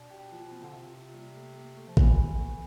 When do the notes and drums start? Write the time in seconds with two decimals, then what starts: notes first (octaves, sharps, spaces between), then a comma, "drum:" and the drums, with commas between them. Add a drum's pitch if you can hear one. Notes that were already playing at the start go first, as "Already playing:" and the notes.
Already playing: B2 D4
0.10 G4
0.32 F3
0.51 C4
0.63 D3
0.73 C3 F4
0.93 F4
1.14 G3
1.35 A3
1.56 A3
1.76 A3
1.87 F3
1.97 B2 E3, drum: kick
2.17 B2
2.38 A3